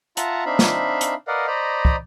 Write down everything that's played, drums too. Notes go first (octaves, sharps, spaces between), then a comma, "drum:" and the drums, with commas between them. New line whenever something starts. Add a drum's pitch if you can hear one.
F4 E5 F#5 A5 A#5, drum: hi-hat
C4 D4 D#4 E5 F5 B5
drum: snare
drum: hi-hat
A#4 B4 D5 D#5 F5 F#5
C5 D5 D#5 A#5 B5
drum: kick